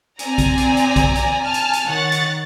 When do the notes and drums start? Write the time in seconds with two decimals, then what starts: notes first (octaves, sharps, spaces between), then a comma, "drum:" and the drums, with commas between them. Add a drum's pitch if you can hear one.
0.19 C4 D5 G#5 A#5, drum: hi-hat
0.38 drum: kick, hi-hat
0.57 drum: hi-hat
0.77 drum: hi-hat
0.96 drum: kick, hi-hat
1.15 drum: hi-hat
1.42 G#5 A5 F6
1.54 drum: hi-hat
1.73 drum: hi-hat
1.86 D#3 C#5 F#5 A6
2.12 drum: hi-hat